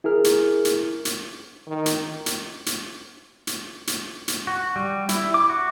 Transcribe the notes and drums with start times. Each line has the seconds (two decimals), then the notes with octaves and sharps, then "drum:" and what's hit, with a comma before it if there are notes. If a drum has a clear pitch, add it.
0.04 E4 G#4 A#4 F6
0.24 drum: hi-hat
0.65 drum: hi-hat
1.05 drum: hi-hat
1.67 D#3
1.86 drum: hi-hat
2.26 drum: hi-hat
2.66 drum: hi-hat
3.47 drum: hi-hat
3.87 drum: hi-hat
4.28 drum: hi-hat
4.47 F#4
4.76 G3
5.09 E4, drum: hi-hat
5.34 D6
5.49 F#4